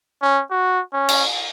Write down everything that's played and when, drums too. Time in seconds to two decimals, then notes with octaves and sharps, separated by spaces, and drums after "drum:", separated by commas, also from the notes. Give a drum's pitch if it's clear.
0.22 C#4
0.51 F#4
0.93 C#4
1.09 drum: cymbal